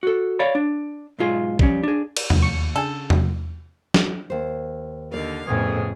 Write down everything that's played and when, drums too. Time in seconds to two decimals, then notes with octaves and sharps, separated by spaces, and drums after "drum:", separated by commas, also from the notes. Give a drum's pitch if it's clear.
0.03 F#4 A4
0.39 C#5 D5 F5 B5
0.55 D4
1.19 B1 G#2 F4 G#4
1.59 F3 G3 C#4, drum: kick A#1
1.83 D4 G#4
2.17 drum: cymbal
2.30 D#2, drum: tom E2
2.42 C#6 C#7
2.76 C#3 D4 G#4 A4
3.10 E4, drum: tom E2
3.94 drum: snare
4.30 D#2 C5
5.12 D#2 D3 A#4 D5 F5
5.47 F2 A2 C#3 F3 B3 G#4